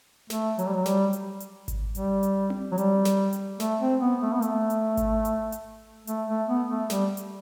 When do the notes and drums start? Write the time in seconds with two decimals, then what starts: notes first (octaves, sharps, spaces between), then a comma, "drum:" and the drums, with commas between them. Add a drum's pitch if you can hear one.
0.30 A3, drum: snare
0.59 F#3, drum: hi-hat
0.66 G3
0.74 F#3
0.86 G3, drum: snare
1.13 drum: hi-hat
1.40 drum: hi-hat
1.68 drum: kick G#1, hi-hat
1.95 G3, drum: hi-hat
2.23 drum: hi-hat
2.50 drum: tom C4
2.72 F#3
2.78 G3, drum: hi-hat
3.05 drum: snare
3.33 drum: hi-hat
3.60 A3, drum: snare
3.81 C4
4.01 B3
4.22 A3
4.33 B3
4.42 A3, drum: hi-hat
4.70 drum: hi-hat
4.97 drum: kick G#1, hi-hat
5.25 drum: hi-hat
5.52 drum: hi-hat
6.07 A3, drum: hi-hat
6.28 A3
6.48 B3
6.70 A3
6.90 G3, drum: snare
7.17 drum: hi-hat